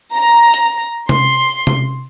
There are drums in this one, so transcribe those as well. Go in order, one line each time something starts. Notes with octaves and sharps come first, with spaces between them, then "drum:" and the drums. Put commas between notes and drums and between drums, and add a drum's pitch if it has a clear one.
A#5
drum: hi-hat
C6, drum: tom C3
drum: tom C3